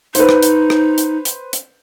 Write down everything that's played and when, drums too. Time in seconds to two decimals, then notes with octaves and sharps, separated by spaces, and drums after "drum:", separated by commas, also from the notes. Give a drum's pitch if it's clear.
0.15 D#4 B4 C5, drum: hi-hat
0.29 drum: rim click
0.43 drum: hi-hat
0.70 drum: rim click
0.98 drum: hi-hat
1.25 drum: hi-hat
1.53 drum: hi-hat